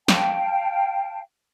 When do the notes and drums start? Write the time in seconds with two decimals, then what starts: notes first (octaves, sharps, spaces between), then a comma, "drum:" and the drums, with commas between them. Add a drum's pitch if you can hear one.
0.08 F5 G5 A5, drum: snare